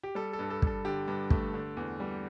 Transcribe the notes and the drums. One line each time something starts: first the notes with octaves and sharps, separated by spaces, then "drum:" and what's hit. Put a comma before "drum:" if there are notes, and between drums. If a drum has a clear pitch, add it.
G4
G3 A4
A4
G2
A4
G2 A4, drum: kick
D3 G4
G2
A3, drum: kick
D3
E2
G3